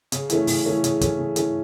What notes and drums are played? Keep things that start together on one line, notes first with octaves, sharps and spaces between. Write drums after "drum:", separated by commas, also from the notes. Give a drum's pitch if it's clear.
C#3, drum: hi-hat
E3 A3 C#4, drum: hi-hat
C#3, drum: open hi-hat
E3 A3 C#4
C#3, drum: hi-hat
E3 A3 C#4, drum: kick, hi-hat
C#3
E3 A3 C#4, drum: hi-hat